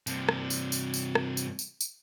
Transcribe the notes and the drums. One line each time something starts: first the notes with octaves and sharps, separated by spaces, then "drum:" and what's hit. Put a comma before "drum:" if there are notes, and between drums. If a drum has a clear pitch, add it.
G2 C3, drum: tambourine
drum: rim click
drum: tambourine
drum: tambourine
drum: tambourine
drum: rim click
drum: tambourine
drum: tambourine
drum: tambourine